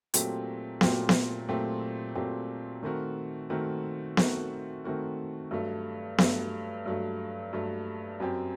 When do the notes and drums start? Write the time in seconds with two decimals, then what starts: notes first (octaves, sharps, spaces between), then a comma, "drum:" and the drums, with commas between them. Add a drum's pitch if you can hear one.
0.14 A#2 F#3 A3 C4 G4, drum: hi-hat
0.81 A#2 F#3 A3 C4 G4, drum: snare B3
1.09 drum: snare B3
1.48 A#2 F#3 A3 C4 G4
2.15 A#2 F#3 A3 C4 G4
2.83 D#3 A3 C4 F#4 A#4
3.50 D#3 A3 C4 F#4 A#4
4.17 D#3 A3 C4 F#4 A#4, drum: snare B3
4.84 D#3 A3 C4 F#4 A#4
5.51 G2 F#3 A3
6.18 G2 F#3 A3, drum: snare B3
6.86 G2 F#3 A3
7.53 G2 F#3 A3
8.20 F#2 F#3 C4 G4